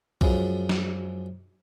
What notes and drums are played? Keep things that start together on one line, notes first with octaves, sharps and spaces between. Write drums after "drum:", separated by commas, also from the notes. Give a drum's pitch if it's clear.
F#2 F3 G#3, drum: kick B1
drum: snare